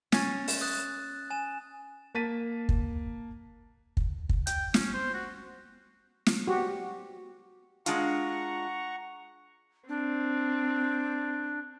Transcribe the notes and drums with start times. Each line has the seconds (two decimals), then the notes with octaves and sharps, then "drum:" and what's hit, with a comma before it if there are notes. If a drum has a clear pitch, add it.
0.12 C#4 A6, drum: snare
0.48 drum: open hi-hat
0.61 D#6 F#6 A6
1.30 G#5 E7
2.15 A#3 A5 A6 B6 D#7
2.69 drum: kick
3.97 drum: kick
4.29 drum: kick
4.47 G5, drum: hi-hat
4.74 C#4, drum: snare
4.94 C5
5.14 F#4
6.26 drum: snare
6.47 F#4 G4
7.86 G#3 D4 F4 F#5 A#5 C#6, drum: hi-hat
9.89 C4 D4